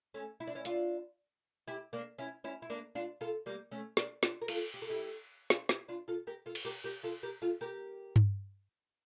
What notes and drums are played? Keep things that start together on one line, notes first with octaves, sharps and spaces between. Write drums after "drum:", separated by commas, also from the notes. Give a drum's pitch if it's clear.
A3 C#4
E4
D4
C#4 E4
D4 F4, drum: hi-hat
E4 G4
A#3 D4
C#4 E4
C#4 E4
E4
A#3 D4
D4 F4
F4 A4
G3 A#3
A3 C#4
A#3 D4, drum: snare
D4 F4, drum: snare
A#4
F4 A4, drum: cymbal
G4
A4
E4 G4
D4 F4, drum: snare
E4 G4, drum: snare
D4 F4
F4 A4
G4 A#4
F4 A4
drum: cymbal
G4 A#4
G4 A#4
F4 A4
G4 A#4
F4 A4
G4 A#4
drum: tom G2